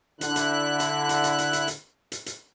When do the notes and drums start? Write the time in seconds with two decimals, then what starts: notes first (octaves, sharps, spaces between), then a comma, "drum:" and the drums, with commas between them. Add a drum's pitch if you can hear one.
0.21 D3 E4 F#6, drum: hi-hat
0.36 drum: hi-hat
0.80 drum: hi-hat
1.09 drum: hi-hat
1.24 drum: hi-hat
1.38 drum: hi-hat
1.53 drum: hi-hat
1.68 drum: hi-hat
2.12 drum: hi-hat
2.26 drum: hi-hat